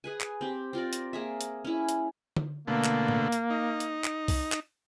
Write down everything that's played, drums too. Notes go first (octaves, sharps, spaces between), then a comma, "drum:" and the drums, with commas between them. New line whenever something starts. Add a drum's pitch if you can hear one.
G#4 B4 G#5
drum: clap
C4 G4
C4 F4 A#4 D5
drum: hi-hat
A#3 G#4 E5
drum: hi-hat
C#4 E4
drum: hi-hat
drum: tom D3
B2 D3 A3 A#3
drum: clap
drum: tom A2
drum: hi-hat
D#4
drum: hi-hat
drum: clap
drum: kick, open hi-hat
drum: clap